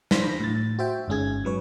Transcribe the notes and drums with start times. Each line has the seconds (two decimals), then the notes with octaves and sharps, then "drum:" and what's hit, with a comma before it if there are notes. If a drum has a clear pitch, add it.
0.11 E3 D4 C5 B5 A#6 B6, drum: snare
0.40 A2 A6
0.79 F#4 C5 E5 G5
1.08 G1 G#2 C#4 G#4 G#6
1.44 G#2 F#3 B4 C#5